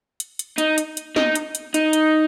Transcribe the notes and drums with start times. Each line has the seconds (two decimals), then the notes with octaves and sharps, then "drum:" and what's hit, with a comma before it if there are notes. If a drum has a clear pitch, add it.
0.20 drum: hi-hat
0.39 drum: hi-hat
0.58 D#4, drum: hi-hat
0.78 drum: hi-hat
0.97 drum: hi-hat
1.16 D#4, drum: snare
1.35 drum: hi-hat
1.55 drum: hi-hat
1.74 D#4, drum: hi-hat
1.93 drum: hi-hat